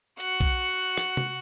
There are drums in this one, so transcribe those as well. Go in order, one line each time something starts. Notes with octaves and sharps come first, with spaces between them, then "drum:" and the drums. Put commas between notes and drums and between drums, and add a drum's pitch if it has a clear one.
F#4 F#5, drum: hi-hat
drum: kick
drum: rim click
drum: tom